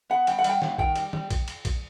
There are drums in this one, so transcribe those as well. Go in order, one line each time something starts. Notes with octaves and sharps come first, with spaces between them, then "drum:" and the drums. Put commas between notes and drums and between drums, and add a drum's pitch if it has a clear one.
B3 F#5
G2 G5, drum: cymbal
F#5
G3 G5, drum: cymbal
G2, drum: snare
D#3 G5, drum: kick
G3, drum: cymbal
G3, drum: tom
drum: kick, cymbal
drum: cymbal
drum: kick, cymbal